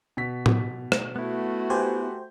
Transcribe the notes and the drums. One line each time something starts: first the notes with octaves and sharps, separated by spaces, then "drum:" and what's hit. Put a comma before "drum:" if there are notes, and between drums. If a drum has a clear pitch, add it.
B2 B6
drum: tom A2
drum: rim click
A3 B3 E4 F#4
G4 B4 C5 G#5 G6